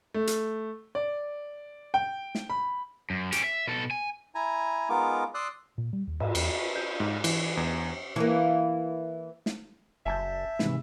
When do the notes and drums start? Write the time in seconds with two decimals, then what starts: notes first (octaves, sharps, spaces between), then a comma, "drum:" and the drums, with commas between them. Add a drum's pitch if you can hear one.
0.14 A3
0.27 drum: hi-hat
0.95 D5
1.94 G5
2.35 drum: snare
2.50 B5
3.10 F#2
3.32 C#4 G4, drum: hi-hat
3.44 E5
3.67 B2 A4
3.91 G#5
4.35 E4 G#5 A#5
4.89 G#3 B3 D#4 F4 A#4 D6
5.34 D5 C6 D#6 E6 F#6
5.78 A#2
5.93 G3
6.07 D#2
6.20 G#2, drum: cymbal
6.35 E2, drum: cymbal
6.76 G6
7.00 G#2
7.24 E3, drum: cymbal
7.57 E2
8.16 E3 A#3
9.46 drum: snare
10.06 F#1 E5 G#5 A5 G6
10.59 G#2 C3 D#3 E3, drum: snare